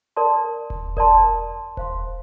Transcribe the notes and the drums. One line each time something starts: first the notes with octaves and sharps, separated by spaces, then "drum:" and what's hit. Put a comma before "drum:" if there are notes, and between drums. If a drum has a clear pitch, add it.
A#4 D5 A5 C6
drum: kick E1
A#4 D5 A5 C6, drum: kick E1
C5 F5 C6, drum: kick E1